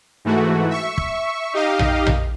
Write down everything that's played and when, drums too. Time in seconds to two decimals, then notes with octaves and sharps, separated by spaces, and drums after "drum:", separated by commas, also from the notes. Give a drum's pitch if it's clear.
0.25 G#2 E3 A3 F#4
0.70 E5 C#6
0.98 drum: kick
1.53 D#4 G4 D#5 F5
1.79 drum: tom A#1
2.07 drum: tom A#1